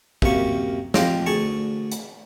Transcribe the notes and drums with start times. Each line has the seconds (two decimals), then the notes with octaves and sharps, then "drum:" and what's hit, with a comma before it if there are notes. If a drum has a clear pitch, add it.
0.22 F#2 C3 A#3 C#6, drum: kick
0.94 F2 C5 D#5 F5 G5, drum: snare
1.26 D2 G#4 A5 C#6
1.92 drum: hi-hat